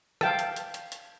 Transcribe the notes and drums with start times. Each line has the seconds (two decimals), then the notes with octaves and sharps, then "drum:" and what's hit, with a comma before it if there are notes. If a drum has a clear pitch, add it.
0.21 F5 G5 A5, drum: rim click
0.39 drum: hi-hat
0.56 drum: hi-hat
0.74 drum: hi-hat
0.92 drum: hi-hat